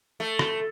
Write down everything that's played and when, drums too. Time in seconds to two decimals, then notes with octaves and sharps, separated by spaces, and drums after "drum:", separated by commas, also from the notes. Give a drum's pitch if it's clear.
0.20 A3
0.39 drum: rim click